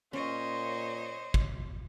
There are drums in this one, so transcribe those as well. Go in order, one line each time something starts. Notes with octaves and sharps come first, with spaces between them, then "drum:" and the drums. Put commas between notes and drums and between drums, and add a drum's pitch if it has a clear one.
A#2 C#4 C5 C#5 D#5
drum: kick